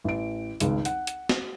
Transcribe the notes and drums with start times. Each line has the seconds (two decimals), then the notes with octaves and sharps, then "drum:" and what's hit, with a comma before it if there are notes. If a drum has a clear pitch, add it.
0.04 A1 D7
0.60 G#1 C#2, drum: hi-hat
0.85 F#5, drum: hi-hat
1.07 drum: hi-hat
1.29 drum: snare